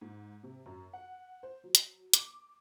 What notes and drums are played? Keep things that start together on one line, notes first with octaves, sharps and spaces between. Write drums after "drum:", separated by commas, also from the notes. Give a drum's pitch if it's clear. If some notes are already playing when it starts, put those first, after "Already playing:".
G#2
C3
F#2
F#5
C5
F#3
drum: hi-hat
D6, drum: hi-hat